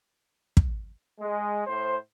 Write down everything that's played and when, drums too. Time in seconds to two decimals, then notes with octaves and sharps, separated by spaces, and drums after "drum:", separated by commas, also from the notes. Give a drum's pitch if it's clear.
0.57 drum: kick
1.19 G#3
1.67 A2 C5